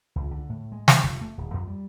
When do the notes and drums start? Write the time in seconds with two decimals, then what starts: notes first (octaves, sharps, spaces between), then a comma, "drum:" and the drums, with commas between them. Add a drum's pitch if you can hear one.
0.16 C#2
0.31 D3
0.49 A2
0.72 G#3
0.88 drum: snare
1.03 F1
1.21 A3
1.38 D1
1.54 F2
1.67 G3